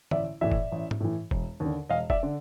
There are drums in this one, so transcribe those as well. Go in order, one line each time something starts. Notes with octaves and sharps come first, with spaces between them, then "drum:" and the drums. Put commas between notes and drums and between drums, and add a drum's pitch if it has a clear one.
A1 D5 E5, drum: tom D3
A2 E3 D5 E5
drum: kick F1
A1
drum: tom G#2
A2 E3
E1, drum: kick F1
D#2
D3
E1 D#5 F5
D5 E5, drum: kick F1
D3